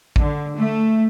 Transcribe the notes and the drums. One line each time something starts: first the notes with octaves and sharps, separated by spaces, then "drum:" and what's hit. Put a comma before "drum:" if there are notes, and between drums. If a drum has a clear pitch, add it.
D3, drum: kick A1
A3